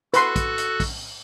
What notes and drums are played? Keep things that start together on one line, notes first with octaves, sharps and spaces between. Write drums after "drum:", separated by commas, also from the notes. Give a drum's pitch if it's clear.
F#4 A4 B4 C6 F#6, drum: hi-hat
drum: kick, hi-hat
drum: hi-hat
drum: kick, open hi-hat